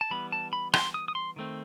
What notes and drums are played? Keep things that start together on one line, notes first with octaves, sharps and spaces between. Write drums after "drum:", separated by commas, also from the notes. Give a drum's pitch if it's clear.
A5
E3 G3 B3 B5
A5
B5
C6, drum: rim click
D#6
D#6
C6
D#3 A3 C4